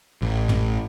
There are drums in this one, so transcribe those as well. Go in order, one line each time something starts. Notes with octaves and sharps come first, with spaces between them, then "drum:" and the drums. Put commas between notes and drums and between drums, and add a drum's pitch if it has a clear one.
A1
drum: tom